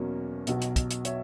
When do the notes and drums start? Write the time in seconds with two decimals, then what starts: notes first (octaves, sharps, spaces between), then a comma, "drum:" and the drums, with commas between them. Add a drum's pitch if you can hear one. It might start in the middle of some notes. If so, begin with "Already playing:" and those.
Already playing: E2 B2 F#3 A#3 C#4
0.47 B1 B2 F#3, drum: hi-hat
0.62 drum: hi-hat
0.76 drum: kick, hi-hat
0.91 drum: hi-hat
1.05 C#5 E5, drum: hi-hat